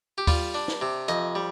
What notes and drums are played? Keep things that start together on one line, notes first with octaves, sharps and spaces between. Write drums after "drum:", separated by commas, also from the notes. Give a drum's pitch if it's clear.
G4
G3 F4, drum: kick D#2, open hi-hat
D4
drum: snare
C3
F2 D#5, drum: hi-hat
G3